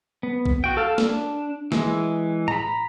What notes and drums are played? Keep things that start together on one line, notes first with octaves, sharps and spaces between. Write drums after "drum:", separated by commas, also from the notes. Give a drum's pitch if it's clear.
B3
drum: kick A#1
F#4 G5
A4 F5 A5
D4, drum: snare A#3
E3 G#3, drum: snare A#3
A#5 B5, drum: tom A2